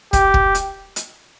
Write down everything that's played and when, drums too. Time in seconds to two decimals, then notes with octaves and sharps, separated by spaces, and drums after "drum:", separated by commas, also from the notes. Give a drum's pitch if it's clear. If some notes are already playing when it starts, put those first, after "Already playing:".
0.13 G4, drum: kick, hi-hat
0.34 drum: kick
0.55 drum: hi-hat
0.96 drum: hi-hat